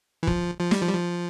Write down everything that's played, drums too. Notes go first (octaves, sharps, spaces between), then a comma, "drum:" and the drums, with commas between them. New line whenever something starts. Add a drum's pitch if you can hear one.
E3
F3, drum: kick
F3
G3, drum: snare
F3
G3
F3